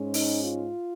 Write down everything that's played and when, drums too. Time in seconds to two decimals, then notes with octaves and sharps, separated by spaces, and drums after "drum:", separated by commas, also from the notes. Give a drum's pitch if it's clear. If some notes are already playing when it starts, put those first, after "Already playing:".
Already playing: G#2 G#3 C#4
0.14 D#4, drum: open hi-hat
0.43 F4